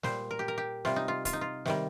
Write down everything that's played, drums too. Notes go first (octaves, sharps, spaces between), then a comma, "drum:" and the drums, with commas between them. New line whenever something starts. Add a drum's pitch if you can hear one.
A#2 G3 C5, drum: snare
A#4
G4
A#4
G4
C3 G3 F4, drum: snare
D#4
F4
F4, drum: kick, hi-hat
D#4
F4
C3 D#3 G3, drum: snare